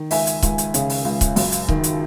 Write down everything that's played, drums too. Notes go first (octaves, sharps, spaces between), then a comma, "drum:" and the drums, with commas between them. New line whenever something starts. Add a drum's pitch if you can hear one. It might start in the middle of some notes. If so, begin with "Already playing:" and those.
Already playing: D#3
C#2 E5 G#5, drum: open hi-hat
drum: hi-hat
C#2, drum: kick C#1, hi-hat
drum: hi-hat
C#3, drum: hi-hat
drum: open hi-hat
C#2
drum: kick C#1, hi-hat
F#2, drum: open hi-hat
drum: hi-hat
D#3, drum: kick C#1
drum: hi-hat